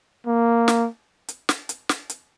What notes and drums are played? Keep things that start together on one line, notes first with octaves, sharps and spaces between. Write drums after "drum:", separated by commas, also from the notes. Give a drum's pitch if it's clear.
A#3
drum: snare
drum: hi-hat
drum: snare
drum: hi-hat
drum: snare
drum: hi-hat